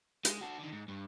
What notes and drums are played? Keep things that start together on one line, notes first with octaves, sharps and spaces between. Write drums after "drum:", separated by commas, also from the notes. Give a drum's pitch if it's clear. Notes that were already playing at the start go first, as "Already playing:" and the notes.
G#3, drum: hi-hat
F#4 A4
D3 D#3
G#2
G2